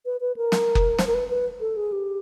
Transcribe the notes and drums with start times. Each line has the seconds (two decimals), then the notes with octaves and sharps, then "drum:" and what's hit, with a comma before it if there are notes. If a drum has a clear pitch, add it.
0.06 B4
0.21 B4
0.37 A#4
0.52 drum: snare
0.75 drum: kick F#1
0.99 C5, drum: snare
1.07 A#4
1.14 B4
1.29 B4
1.61 A4
1.76 G#4
1.92 G4